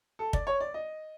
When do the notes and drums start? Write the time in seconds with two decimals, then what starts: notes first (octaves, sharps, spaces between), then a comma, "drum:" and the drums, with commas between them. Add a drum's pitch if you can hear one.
0.19 A4
0.33 D5, drum: kick
0.47 C#5
0.60 D5
0.74 D#5